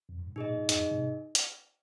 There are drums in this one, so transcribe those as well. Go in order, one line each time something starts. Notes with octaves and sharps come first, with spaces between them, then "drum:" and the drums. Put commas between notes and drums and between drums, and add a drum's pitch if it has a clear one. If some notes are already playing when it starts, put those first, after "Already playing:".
F2
G2
G#2
A#2 D#4 G#4 D#5
A#2
G#2
F2 D#4 G#4 D#5, drum: hi-hat
G2
G#2 C3
drum: hi-hat